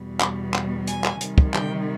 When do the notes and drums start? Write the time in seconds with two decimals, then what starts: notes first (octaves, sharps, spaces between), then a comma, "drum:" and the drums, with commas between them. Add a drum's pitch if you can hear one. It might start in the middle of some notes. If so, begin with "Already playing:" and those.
Already playing: E2 B2 G3
0.21 drum: clap
0.54 drum: clap
0.87 G#5, drum: hi-hat
1.04 drum: clap
1.21 C3 D#3 G3, drum: hi-hat
1.38 drum: kick
1.54 G5, drum: clap